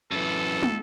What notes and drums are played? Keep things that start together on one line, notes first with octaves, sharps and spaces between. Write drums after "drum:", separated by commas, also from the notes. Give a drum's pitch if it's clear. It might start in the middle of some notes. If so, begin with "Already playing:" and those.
F#2 E3 A4
drum: tom